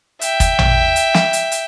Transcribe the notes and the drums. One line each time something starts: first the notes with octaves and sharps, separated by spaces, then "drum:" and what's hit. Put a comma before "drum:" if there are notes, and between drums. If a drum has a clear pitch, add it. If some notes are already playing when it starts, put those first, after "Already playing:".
E5 G5, drum: hi-hat
drum: kick, hi-hat
drum: tom A1
drum: hi-hat
drum: snare
drum: hi-hat
drum: hi-hat